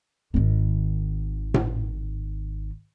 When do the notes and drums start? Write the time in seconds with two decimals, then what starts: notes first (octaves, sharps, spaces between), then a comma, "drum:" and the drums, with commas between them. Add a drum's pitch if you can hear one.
0.34 G#1 D#3
1.54 drum: tom A2